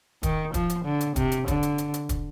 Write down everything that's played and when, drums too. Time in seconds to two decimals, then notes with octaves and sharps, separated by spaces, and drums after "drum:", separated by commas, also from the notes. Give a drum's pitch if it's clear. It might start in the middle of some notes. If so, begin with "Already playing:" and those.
0.23 D#3, drum: kick, hi-hat
0.54 F3, drum: kick, hi-hat
0.70 drum: hi-hat
0.85 D3
1.01 drum: hi-hat
1.16 C3, drum: kick, hi-hat
1.32 drum: hi-hat
1.48 D3, drum: kick, hi-hat
1.63 drum: hi-hat
1.78 drum: hi-hat
1.94 drum: hi-hat
2.09 drum: kick, hi-hat